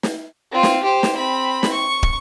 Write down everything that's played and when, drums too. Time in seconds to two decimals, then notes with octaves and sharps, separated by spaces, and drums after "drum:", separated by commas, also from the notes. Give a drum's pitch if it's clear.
0.03 drum: snare
0.52 C4 F4
0.63 drum: snare
0.83 G4 C5
1.03 drum: snare
1.17 C4 B5
1.63 drum: snare
1.73 C#6
2.03 drum: kick